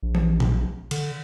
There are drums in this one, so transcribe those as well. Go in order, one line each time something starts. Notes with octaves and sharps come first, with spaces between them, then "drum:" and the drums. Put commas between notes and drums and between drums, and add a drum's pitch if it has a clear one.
A#1
drum: tom E3
drum: tom A#2
D3, drum: cymbal